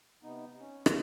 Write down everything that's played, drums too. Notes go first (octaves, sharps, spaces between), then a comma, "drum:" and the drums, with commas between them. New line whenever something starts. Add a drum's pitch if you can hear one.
C3 B3 D#4
C#4
drum: rim click